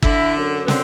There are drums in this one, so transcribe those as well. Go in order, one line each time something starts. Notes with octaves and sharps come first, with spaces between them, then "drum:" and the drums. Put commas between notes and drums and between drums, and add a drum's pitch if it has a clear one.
D3 E4, drum: kick
F#2
B3
D3 C4, drum: snare